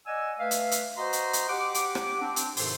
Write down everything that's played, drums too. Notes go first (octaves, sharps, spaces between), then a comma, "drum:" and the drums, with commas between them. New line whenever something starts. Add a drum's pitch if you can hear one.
D5 D#5 F#5 G#5 E6
A3 B4 E5 F5
drum: hi-hat
drum: hi-hat
F#4 C5 D#5 A#5 C6
drum: hi-hat
drum: hi-hat
G4 F#5 D6
drum: hi-hat
drum: rim click
C4 D4
drum: hi-hat
G#2 C3 D#3 A4 C5 C6, drum: open hi-hat